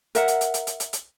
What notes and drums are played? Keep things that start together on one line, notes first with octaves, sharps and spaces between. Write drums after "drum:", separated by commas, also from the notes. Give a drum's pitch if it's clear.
A#4 E5 F#5, drum: hi-hat
drum: hi-hat
drum: hi-hat
drum: hi-hat
drum: hi-hat
drum: hi-hat
drum: hi-hat